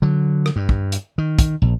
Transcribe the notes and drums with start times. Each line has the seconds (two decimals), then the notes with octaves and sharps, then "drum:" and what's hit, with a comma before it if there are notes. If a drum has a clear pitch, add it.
0.02 D3 F#3
0.46 drum: rim click
0.56 G2
0.69 drum: kick
0.92 drum: hi-hat
1.18 D#3
1.39 drum: kick, hi-hat
1.62 A#1